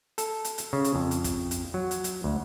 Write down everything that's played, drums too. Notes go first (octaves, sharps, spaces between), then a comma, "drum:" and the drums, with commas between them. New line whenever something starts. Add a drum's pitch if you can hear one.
A4, drum: hi-hat
drum: hi-hat
drum: hi-hat
C#3
drum: hi-hat
F2
drum: hi-hat
drum: kick, hi-hat
drum: hi-hat
F#3
drum: hi-hat
drum: hi-hat
D2